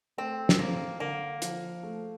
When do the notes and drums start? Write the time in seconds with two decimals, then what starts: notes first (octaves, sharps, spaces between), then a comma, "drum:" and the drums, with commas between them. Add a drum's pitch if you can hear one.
0.18 A3 C4
0.49 drum: snare
0.59 A#3 C4
1.00 D3 A#3
1.42 F3, drum: hi-hat
1.83 A3